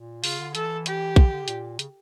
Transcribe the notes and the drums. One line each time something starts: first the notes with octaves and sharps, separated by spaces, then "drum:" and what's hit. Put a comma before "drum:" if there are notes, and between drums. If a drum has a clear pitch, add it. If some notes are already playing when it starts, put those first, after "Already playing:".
Already playing: A#2
C#3 F4, drum: open hi-hat
D3
E3 A4, drum: hi-hat
G4, drum: hi-hat
D3, drum: kick
E3
D3
C#3
A#2, drum: hi-hat
C#3, drum: hi-hat